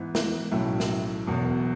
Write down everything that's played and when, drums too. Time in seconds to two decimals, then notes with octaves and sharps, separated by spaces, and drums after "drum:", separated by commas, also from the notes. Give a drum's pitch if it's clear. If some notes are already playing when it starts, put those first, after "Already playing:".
Already playing: G#2 E3 B3
0.15 drum: snare
0.52 B1 A2 F#3 C#4 E4
0.80 drum: snare
1.27 E1 E2 B2 F#3